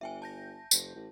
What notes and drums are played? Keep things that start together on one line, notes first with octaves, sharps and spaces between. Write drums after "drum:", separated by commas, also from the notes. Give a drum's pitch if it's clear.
G1 E5 G5 G#5
A5 G6 A#6
F#1, drum: tambourine
A1